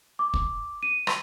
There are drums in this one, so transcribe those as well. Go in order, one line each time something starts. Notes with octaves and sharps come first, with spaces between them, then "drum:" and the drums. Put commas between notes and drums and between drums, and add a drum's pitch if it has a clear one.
D6
drum: kick
D#7
drum: rim click